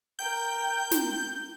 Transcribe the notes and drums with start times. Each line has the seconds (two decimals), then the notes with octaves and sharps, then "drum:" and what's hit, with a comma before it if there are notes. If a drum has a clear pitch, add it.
0.19 A#4 G5 G6
0.91 drum: snare